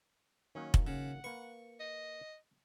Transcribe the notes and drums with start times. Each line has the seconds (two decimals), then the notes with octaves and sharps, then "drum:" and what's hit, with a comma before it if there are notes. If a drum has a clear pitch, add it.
0.55 D#3 F#3 A#3 C#4
0.74 drum: kick
0.87 C#3 F#5
1.24 A#3 B4 C#6
1.80 D#5